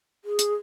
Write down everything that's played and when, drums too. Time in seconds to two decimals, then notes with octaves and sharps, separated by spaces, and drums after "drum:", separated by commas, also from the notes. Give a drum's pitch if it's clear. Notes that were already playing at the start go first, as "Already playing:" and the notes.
0.25 G#4
0.39 drum: hi-hat